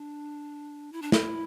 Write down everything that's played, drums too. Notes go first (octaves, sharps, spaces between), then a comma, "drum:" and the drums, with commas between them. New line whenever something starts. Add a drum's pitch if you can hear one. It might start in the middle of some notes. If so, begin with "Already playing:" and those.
Already playing: D4
E4
D4
E4, drum: snare